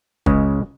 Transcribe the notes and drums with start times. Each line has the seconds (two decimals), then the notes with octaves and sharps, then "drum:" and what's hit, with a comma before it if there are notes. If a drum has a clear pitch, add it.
0.26 C#2 C#3 G#3, drum: kick